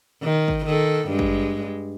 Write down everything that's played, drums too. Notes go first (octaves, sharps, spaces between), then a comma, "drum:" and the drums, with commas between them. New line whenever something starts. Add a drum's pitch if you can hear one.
D#3
drum: kick G#1
D#3 A4
G2 G#3
drum: kick G#1